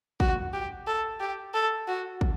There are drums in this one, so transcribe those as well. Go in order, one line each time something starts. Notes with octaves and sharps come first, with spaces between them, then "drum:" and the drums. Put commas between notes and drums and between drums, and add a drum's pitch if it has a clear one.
F#4, drum: kick
G4
A4
G4
A4
F#4
drum: kick